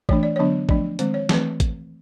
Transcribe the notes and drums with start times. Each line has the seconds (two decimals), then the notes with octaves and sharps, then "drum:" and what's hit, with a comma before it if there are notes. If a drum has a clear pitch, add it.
0.09 E3 A3 D4 C#5, drum: kick G#1
0.23 D5
0.36 D3 F#3 B3 D4 C#5
0.69 F3 A3 D4 D5, drum: kick G#1
0.99 D#3 G#3 C4 C5, drum: hi-hat
1.14 C#5
1.29 E3 A3 C4 B4, drum: snare
1.60 drum: kick G#1, hi-hat